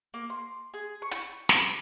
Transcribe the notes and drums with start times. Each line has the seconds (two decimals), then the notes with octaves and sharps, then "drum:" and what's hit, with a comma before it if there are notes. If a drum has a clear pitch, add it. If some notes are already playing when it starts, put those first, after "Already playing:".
0.14 A#3
0.30 C6
0.74 G#4
1.02 C#6
1.11 drum: hi-hat
1.49 drum: snare